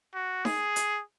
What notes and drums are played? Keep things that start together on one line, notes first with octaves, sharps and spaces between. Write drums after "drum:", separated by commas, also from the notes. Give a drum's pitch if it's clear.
F#4
G#4, drum: snare D#4
drum: hi-hat